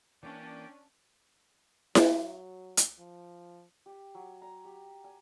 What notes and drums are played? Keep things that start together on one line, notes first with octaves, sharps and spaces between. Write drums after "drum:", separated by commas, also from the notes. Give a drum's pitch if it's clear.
E3 A#3 C#4 D4 D5 G5
F#3, drum: snare E4
drum: hi-hat
F3
G4
F#3
A#5
G4
G#5